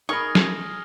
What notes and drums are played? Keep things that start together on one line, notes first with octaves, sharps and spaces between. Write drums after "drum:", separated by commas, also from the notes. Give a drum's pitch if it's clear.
D#4 G#4 A#4 B5 C#6 D#6 F6 A#6
drum: snare